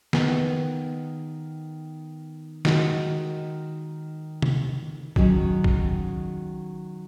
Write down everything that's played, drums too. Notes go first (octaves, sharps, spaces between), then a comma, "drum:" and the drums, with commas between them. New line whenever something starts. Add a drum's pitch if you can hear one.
D#3 B3 G#4, drum: snare
D#3 G#3 D#4 F#4, drum: snare
drum: tom C3
D#3 F#3 C#4 G#4, drum: kick
drum: kick